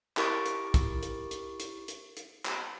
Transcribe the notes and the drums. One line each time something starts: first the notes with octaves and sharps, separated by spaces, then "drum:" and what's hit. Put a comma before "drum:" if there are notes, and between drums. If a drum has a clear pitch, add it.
E4 G4 A#4 C#6 A6 D7, drum: clap
drum: hi-hat
drum: kick, hi-hat
drum: hi-hat
drum: hi-hat
drum: hi-hat
drum: hi-hat
drum: hi-hat
drum: clap